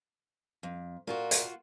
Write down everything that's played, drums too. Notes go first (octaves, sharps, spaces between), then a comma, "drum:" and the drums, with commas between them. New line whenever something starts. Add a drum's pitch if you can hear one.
F2
A#2 A#3 F4 F#4
drum: hi-hat